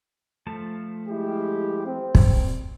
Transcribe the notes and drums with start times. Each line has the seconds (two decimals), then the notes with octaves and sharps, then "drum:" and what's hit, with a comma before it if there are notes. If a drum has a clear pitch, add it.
0.47 F3 A3 A5
1.09 G#3 E4 G4
1.85 C4
2.15 drum: kick